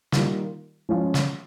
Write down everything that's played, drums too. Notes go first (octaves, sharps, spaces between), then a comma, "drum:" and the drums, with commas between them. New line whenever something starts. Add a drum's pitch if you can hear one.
D#3 G3 A#3 F4, drum: snare
F3 G#3 C#4 F4
drum: snare